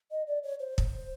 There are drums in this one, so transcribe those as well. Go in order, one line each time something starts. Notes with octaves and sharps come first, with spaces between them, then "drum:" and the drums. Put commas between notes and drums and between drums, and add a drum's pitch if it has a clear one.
D#5
D5
C#5
C5
drum: kick